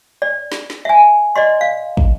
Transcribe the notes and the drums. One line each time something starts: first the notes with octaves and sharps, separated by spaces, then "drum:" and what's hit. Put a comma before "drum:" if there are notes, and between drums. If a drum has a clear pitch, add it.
D5
drum: snare
drum: snare
E5 G#5
D5 D#5 C6
F5
drum: kick